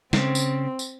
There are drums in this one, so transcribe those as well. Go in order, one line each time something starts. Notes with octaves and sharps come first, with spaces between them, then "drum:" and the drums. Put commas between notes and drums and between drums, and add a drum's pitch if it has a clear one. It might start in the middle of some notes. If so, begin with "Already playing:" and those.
C#3 C4, drum: snare
drum: tambourine
drum: tambourine